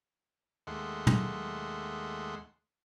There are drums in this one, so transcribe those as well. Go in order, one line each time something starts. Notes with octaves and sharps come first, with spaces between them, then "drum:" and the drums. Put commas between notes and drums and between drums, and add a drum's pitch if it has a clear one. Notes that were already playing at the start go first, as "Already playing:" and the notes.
D#2 G#3 A3 F#5 C6
drum: tom